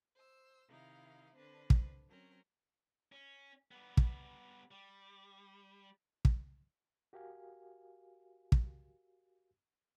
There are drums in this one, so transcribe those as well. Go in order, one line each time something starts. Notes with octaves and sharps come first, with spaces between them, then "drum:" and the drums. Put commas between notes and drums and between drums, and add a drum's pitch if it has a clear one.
C5 E6
C3 D#3 D#4 E4 F5
D3 C4 D4 B4 C5
drum: kick
F#3 C4 C#4 A#4
C#4
G3 B3
drum: kick
G3
drum: kick
F#4 G4 A#4 F5 G#5
drum: kick